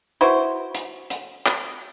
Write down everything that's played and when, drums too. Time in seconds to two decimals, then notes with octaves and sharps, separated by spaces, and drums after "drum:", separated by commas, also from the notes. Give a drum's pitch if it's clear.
0.21 E4 F#4 B4 C5
0.75 drum: hi-hat
1.10 drum: hi-hat
1.46 drum: clap